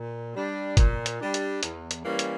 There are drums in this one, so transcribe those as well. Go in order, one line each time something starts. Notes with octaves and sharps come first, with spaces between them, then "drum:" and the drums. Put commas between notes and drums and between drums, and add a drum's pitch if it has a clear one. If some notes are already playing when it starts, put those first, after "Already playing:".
Already playing: A#2
G3 D4
A#2, drum: kick G1, hi-hat
drum: hi-hat
G3 D4
drum: hi-hat
E2, drum: hi-hat
drum: hi-hat
E3 G3 A#3 C#4
drum: hi-hat